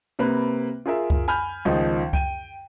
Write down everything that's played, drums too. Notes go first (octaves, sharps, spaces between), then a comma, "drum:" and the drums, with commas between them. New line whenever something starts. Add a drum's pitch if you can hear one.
C3 A#3 B4 B5
F4 G#4 A#4 E5
drum: kick C#2
G#5 B5 F6 G6
C#2 D#3 F3 D#4
G5 D#7, drum: kick C#2